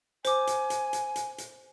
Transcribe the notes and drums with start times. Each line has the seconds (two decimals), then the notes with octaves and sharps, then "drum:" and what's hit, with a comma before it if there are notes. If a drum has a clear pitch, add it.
0.25 C5 G#5 D6, drum: hi-hat
0.47 drum: hi-hat
0.70 drum: hi-hat
0.93 drum: hi-hat
1.16 drum: hi-hat
1.38 drum: hi-hat